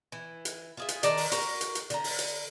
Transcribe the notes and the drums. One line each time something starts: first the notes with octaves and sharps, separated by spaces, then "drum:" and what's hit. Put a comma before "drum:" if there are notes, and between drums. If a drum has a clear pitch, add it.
E3
drum: hi-hat
F4 G#4 E5
drum: hi-hat
D#3 D5 A5 A#5, drum: hi-hat
drum: open hi-hat
F#4 A#4, drum: hi-hat
drum: hi-hat
drum: hi-hat
D3 A#5, drum: hi-hat
drum: open hi-hat
drum: hi-hat